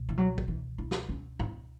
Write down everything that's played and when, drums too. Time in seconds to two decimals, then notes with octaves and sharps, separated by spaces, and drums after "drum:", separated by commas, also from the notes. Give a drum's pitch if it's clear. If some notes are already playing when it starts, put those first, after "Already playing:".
Already playing: C#2 B2
0.09 E3
0.18 F#3
0.38 drum: kick
0.48 E3
0.78 E4
0.91 drum: snare
1.09 C#4
1.40 E4, drum: tom G#2